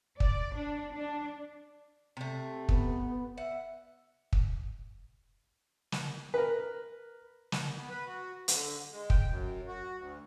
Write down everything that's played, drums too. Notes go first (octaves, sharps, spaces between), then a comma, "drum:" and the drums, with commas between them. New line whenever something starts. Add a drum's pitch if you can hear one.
D5, drum: kick
D4
D4
C3 A3
B3, drum: kick
E5 F#5
drum: kick
drum: snare
A#4 B4
drum: snare
B3
B4
F#4
D3, drum: hi-hat
G#3
G5, drum: kick
F#2
F#4
D2